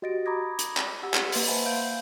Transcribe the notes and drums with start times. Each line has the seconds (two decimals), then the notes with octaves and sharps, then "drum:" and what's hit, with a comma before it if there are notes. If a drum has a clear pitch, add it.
0.02 F#4 G4 D#5 A6 A#6 D7
0.26 A#5 B5 D6 D#6 G#6 A#6
0.59 drum: hi-hat
0.77 drum: clap
1.03 G4 F#5 E6
1.14 drum: clap
1.32 A#3 B4 C6 A6 D7, drum: open hi-hat
1.47 C5 E5 F#5 G#5 A5 B5
1.66 F5 G6 D7